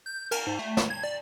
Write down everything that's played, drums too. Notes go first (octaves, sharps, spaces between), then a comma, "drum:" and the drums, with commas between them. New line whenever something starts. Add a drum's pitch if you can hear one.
G6
A#4, drum: cymbal
G#2
A3
drum: snare
G#6
D5